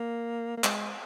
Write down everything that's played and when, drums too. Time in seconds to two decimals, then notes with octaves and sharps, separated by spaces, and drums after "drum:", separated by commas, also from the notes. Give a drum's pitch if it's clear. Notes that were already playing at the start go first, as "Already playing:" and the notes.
Already playing: A#3
0.57 A#3
0.64 G#3, drum: clap